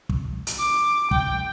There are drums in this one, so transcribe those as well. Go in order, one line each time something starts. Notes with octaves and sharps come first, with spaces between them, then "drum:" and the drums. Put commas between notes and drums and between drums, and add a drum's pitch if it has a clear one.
drum: kick
drum: hi-hat
D6
G5, drum: kick